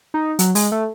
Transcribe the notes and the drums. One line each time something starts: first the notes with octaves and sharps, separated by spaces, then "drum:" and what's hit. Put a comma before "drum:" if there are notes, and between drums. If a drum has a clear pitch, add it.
D#4
F#3, drum: hi-hat
G#3, drum: open hi-hat
A3